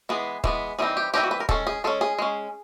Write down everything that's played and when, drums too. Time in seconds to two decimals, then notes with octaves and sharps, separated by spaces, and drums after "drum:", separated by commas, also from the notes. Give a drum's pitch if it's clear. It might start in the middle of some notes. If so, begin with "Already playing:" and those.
0.09 E3 G#3 B3 G#4
0.44 E3 G#3 B3, drum: kick
0.79 E3 G3 C4 D#4 G#4
0.97 G4
1.14 E3 G3 C4 D#4 G4
1.23 F#4
1.31 B4
1.40 A#4
1.49 G#3 C#4 A4, drum: kick
1.67 G#4
1.84 G#3 C#4 A4
2.01 G#4
2.19 G#3 C#4